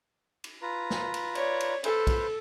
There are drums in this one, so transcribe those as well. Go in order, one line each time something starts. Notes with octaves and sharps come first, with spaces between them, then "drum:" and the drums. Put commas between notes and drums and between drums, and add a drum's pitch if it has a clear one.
drum: cymbal
F4 B4 A#5
drum: snare
drum: cymbal
C#5 D5, drum: cymbal
drum: cymbal
A4 B4 C5, drum: cymbal
drum: kick, cymbal